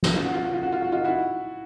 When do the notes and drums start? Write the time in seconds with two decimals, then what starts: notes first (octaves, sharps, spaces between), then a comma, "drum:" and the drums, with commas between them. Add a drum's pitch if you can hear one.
0.03 drum: snare
0.14 F4
0.24 F#4
0.34 F4
0.44 F#4
0.54 F4
0.63 F#4
0.72 F4
0.82 F#4
0.92 D#4 F4
1.04 E4 F#4